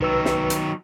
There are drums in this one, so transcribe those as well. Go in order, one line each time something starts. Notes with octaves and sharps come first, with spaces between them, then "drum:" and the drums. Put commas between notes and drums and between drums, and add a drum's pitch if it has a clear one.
C2 D#3 F#3 B4 E6
drum: snare
drum: hi-hat